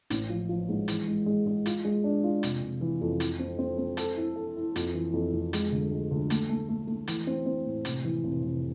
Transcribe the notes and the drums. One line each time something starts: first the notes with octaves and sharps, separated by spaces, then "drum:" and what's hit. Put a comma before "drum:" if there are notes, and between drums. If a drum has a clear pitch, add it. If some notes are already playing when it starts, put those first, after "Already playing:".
A1, drum: hi-hat
F3
F3
G#2
E3, drum: hi-hat
G#3
G#3
G#3
F4, drum: hi-hat
G#3
D4
F4
F1, drum: hi-hat
F1
E3
F2
E4, drum: hi-hat
C4
C4
C4
A4, drum: hi-hat
E4
A4
E4
F2, drum: hi-hat
E3
F2
F2
G#3, drum: hi-hat
D2
G#3
D2
A3, drum: hi-hat
A3
A3
A3
E3, drum: hi-hat
C4
C4
A2
C3, drum: hi-hat
E3
F1
F1